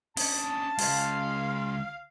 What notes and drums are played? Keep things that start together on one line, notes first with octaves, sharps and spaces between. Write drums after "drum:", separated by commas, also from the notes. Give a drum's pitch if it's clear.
C#4 D4 A5 D#6, drum: open hi-hat
C#2 G#3 F4 F5, drum: open hi-hat